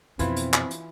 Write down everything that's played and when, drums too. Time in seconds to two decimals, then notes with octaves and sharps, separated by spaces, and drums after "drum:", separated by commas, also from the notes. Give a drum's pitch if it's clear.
0.19 F2 B2 E3 C4 E4 F4, drum: hi-hat
0.36 drum: hi-hat
0.53 drum: clap
0.71 drum: hi-hat